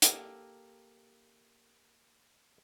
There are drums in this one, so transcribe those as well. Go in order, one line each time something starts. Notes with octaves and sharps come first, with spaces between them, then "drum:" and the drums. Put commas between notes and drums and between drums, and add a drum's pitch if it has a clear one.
A#3 G4 A4, drum: hi-hat